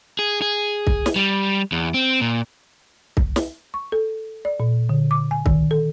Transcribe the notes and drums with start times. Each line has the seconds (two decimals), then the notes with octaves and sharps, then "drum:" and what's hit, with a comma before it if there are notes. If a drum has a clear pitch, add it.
0.19 G#4
0.42 G#4
0.87 drum: kick
1.06 drum: snare
1.16 G3
1.72 E2
1.94 C4
2.21 A#2
3.17 drum: kick
3.36 drum: snare
3.74 C#6
3.92 A4
4.45 D5
4.60 A#2
4.89 D3
5.11 D6
5.31 G#5
5.46 D#3, drum: kick
5.71 A4